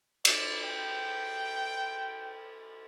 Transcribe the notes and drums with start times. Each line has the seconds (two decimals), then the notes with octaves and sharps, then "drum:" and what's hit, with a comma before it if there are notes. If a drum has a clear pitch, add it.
0.25 D5, drum: cymbal
0.63 G5